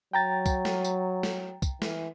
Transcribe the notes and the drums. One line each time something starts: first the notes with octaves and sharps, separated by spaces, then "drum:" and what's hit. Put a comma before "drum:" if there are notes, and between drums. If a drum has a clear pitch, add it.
F#3 G5 A#5 A6
drum: kick, tambourine
drum: snare
drum: tambourine
drum: snare
drum: kick, tambourine
E3, drum: snare